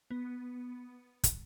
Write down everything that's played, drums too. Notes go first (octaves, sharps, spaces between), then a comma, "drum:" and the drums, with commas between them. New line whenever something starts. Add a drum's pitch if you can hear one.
B3
drum: kick, hi-hat